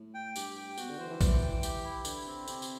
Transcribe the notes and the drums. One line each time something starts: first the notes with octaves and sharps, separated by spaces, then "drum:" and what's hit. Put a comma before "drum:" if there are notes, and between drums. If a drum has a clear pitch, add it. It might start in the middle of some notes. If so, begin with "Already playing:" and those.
Already playing: A2
G5
G2 G4, drum: tambourine
G5
B2 F#4, drum: tambourine
D3
E3 C5
E3
D5, drum: kick A#1, tambourine
G5
G4, drum: tambourine
E4
D3 E4, drum: tambourine
C4
C3 G4, drum: tambourine
drum: tambourine